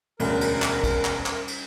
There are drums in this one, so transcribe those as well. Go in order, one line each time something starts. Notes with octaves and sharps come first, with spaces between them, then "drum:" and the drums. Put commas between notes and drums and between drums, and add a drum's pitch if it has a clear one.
E1 D2 G3 C#4 A#4, drum: cymbal
drum: cymbal
drum: clap
drum: kick, cymbal
drum: clap
drum: clap
drum: cymbal